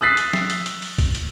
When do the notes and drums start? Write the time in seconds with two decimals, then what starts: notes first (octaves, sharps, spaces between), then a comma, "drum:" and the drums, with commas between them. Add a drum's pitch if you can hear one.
0.01 D#6 E6 F#6 A6 B6 C7
0.17 drum: hi-hat
0.33 drum: snare
0.50 drum: hi-hat
0.66 drum: hi-hat
0.82 drum: open hi-hat
0.98 drum: kick, open hi-hat
1.15 drum: hi-hat